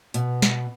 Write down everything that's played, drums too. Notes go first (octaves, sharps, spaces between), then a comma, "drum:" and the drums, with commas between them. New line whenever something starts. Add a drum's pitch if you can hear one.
B2, drum: hi-hat
drum: snare